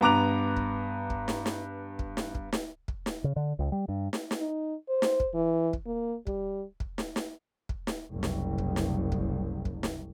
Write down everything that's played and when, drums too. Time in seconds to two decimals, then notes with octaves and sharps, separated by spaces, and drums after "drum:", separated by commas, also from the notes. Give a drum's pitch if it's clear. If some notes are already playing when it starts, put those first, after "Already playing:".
0.01 G2 B3 A#5 D6 F#6 F7
0.57 drum: kick
1.10 drum: kick
1.28 drum: snare
1.46 drum: snare
1.99 drum: kick
2.17 drum: snare
2.35 drum: kick
2.53 drum: snare
2.88 drum: kick
3.06 drum: snare
3.24 C#3
3.36 D3
3.59 C#2
3.72 G3
3.89 G2
4.13 drum: snare
4.31 drum: snare
4.40 D#4
4.89 C5
5.02 drum: snare
5.20 drum: kick
5.34 E3
5.73 drum: kick
5.86 A#3
6.27 G3, drum: kick
6.80 drum: kick
6.98 drum: snare
7.16 drum: snare
7.69 drum: kick
7.87 drum: snare
8.10 F#1 C2
8.23 drum: snare
8.58 drum: kick
8.76 drum: snare
9.12 drum: kick
9.65 drum: kick
9.83 drum: snare